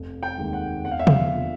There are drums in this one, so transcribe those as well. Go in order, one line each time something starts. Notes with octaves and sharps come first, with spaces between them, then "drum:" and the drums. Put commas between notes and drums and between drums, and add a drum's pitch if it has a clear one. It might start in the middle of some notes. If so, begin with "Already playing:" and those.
Already playing: F1
G5
D#2 D#3 G#3
F#5
E1 F#5
F5
E5
F5, drum: tom
D3 F3 A#3